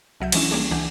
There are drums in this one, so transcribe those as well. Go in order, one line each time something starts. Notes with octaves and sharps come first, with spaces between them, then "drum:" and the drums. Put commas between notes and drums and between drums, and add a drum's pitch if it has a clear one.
C2 F#3 E5 G6
E3 F3 G#3 C#4 D4 E4, drum: cymbal
G3 A#3 C#4 D4 G#4
C#2 E3 D4 F#5 G#5 G6